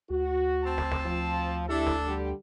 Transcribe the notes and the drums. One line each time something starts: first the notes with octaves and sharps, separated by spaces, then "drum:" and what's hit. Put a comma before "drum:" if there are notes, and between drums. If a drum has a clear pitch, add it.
D2 F#4
C4 A5
drum: snare
drum: snare
F3
A3 D4 E4 G4 A4
drum: snare
D3 G3 G4